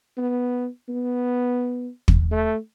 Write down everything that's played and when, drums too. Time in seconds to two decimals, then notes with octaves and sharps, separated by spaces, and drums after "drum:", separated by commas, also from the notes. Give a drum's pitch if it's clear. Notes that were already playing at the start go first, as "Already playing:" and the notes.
0.17 B3
0.89 B3
2.08 drum: kick
2.31 A3